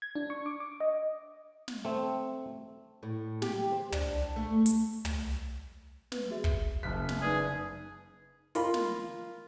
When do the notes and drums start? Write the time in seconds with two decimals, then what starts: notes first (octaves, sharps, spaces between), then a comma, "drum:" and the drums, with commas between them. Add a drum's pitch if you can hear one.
0.02 G#6
0.15 D4
0.30 C#6
0.46 D6
0.60 D6
0.80 D#5
1.68 drum: snare
1.85 A3 C4
3.03 A2
3.42 G4, drum: snare
3.72 C5
3.92 D4, drum: tom
4.36 A3
4.66 drum: hi-hat
5.05 drum: tom
6.12 B4, drum: snare
6.30 F#4 G#4 E5
6.44 drum: kick
6.83 F#1 A5 F6 F#6 B6
7.09 drum: snare
7.22 D#4 G#4 B4 D5
8.55 F4 A#4 B5 C6, drum: open hi-hat
8.74 drum: snare